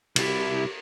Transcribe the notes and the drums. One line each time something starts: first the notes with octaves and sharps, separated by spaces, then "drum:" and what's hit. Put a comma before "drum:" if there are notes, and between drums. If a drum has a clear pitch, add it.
C2 E4 G4, drum: cymbal